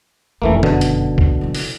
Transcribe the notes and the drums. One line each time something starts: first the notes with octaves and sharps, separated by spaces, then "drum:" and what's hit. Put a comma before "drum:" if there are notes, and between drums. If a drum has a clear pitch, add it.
F#1 F2 E3 A3 A#3
B2 D3, drum: tom D#3
drum: hi-hat
drum: kick
C3 E3
drum: open hi-hat